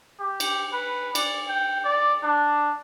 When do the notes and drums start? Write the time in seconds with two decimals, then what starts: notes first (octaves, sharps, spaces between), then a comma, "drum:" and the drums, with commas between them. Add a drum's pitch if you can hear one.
0.20 G4
0.40 drum: cymbal
0.73 B4
1.15 D5, drum: cymbal
1.48 G5
1.84 D5
2.23 D4